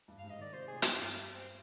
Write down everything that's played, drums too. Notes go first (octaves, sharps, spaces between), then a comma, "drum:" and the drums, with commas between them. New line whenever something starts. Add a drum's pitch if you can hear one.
G2
F5
G#2
D#5
D#3 D5
C3 C5
G#4
A#2
G4, drum: hi-hat
G2
F4
C4